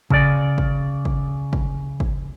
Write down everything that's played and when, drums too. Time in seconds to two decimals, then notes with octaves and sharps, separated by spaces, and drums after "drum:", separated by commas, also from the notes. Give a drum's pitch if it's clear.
0.10 C#3 D5, drum: kick
0.58 drum: kick
1.05 drum: kick
1.53 drum: kick
2.00 drum: kick